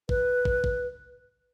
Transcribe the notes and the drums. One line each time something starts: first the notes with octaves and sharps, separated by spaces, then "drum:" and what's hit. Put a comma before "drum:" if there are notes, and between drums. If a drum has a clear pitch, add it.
B4, drum: kick
drum: kick
drum: kick